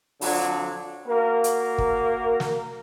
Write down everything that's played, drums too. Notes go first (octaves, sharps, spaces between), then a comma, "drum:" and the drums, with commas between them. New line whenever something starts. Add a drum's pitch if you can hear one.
F2 D3 F3 F#3 D4, drum: open hi-hat
A#3 F#4 A#4
drum: hi-hat
drum: kick
drum: snare